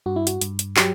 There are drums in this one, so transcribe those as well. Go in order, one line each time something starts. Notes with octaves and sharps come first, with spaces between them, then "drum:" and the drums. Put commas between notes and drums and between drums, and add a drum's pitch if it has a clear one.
G2 F#4
E4
F#4, drum: hi-hat
G2, drum: hi-hat
drum: hi-hat
F#3 G4, drum: clap